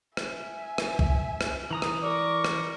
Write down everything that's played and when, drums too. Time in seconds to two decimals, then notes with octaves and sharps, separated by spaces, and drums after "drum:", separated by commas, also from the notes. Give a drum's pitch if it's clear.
0.17 E5 G#5, drum: rim click
0.78 drum: rim click
0.99 drum: kick
1.41 drum: rim click
1.71 E3 A#5 D#6
1.82 drum: rim click
2.03 A#4 D5 C#6
2.45 drum: rim click